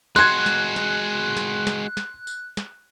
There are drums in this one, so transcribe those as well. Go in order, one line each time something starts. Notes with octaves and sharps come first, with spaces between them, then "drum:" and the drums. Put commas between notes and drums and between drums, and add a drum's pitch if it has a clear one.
G#3 F#4 C6 F#6 G#6, drum: snare
drum: snare
drum: snare
drum: snare
drum: snare
drum: snare
drum: tambourine
drum: snare